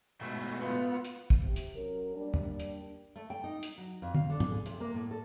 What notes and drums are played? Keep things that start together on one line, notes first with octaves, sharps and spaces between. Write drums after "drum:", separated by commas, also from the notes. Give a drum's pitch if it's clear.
G#2 B2 A3
B3 F4
drum: hi-hat
drum: kick
C3
drum: hi-hat
F#3 C#4 A#4
G3 A#3 D4
drum: tom
drum: hi-hat
A3
G5
D#4
drum: hi-hat
F#3
F2
F5, drum: tom
D3
drum: tom
G#4
C3, drum: hi-hat
A#3
A2
A4